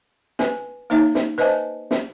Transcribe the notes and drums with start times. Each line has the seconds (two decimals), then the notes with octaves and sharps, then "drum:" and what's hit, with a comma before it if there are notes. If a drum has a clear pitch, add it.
0.39 B4 G#5, drum: snare
0.90 A#3 D#4 C#5 E5
1.15 drum: snare
1.38 B4 C5 D#5 E5 G#5 A5
1.91 drum: snare